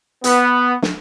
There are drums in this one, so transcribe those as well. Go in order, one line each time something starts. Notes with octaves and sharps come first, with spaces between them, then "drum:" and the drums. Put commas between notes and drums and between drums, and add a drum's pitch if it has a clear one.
B3, drum: hi-hat
drum: snare